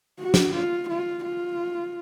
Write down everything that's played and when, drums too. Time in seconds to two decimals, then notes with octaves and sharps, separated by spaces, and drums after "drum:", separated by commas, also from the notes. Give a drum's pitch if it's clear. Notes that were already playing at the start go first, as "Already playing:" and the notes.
0.20 F#4
0.34 drum: snare
0.55 F4
0.89 F4
1.25 F4